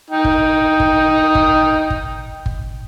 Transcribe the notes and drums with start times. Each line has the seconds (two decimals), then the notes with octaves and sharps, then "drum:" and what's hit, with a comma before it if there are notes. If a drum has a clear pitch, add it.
0.11 D#4 G5
0.24 drum: kick G1
0.80 drum: kick G1
1.35 drum: kick G1
1.90 drum: kick G1
2.46 drum: kick G1